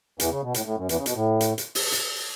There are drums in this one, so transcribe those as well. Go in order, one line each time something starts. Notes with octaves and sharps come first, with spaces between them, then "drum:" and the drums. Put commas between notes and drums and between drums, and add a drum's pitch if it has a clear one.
E2 E3, drum: hi-hat
C#3
B2
A2, drum: hi-hat
A2
F#2
E2 E3, drum: hi-hat
C#3
B2, drum: hi-hat
A2
drum: hi-hat
drum: hi-hat
drum: open hi-hat
drum: hi-hat